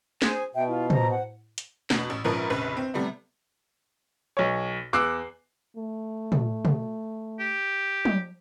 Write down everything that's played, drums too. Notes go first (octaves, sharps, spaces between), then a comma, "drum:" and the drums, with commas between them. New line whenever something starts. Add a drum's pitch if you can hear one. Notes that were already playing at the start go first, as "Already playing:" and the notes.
G#4 C5 G#5, drum: snare
B2 E5 G5
E4 F4
C5 A#5, drum: tom
F#5
drum: hi-hat
E2 B2, drum: snare
A1
A#1 G#2 F3 C#4 A#4 B4
F1 A#1 C#3 B4
C4
C3 G3 A3 B3
B1 C#5
E2 D6 E6 F#6 C7
A3
drum: tom
drum: tom
G4
drum: tom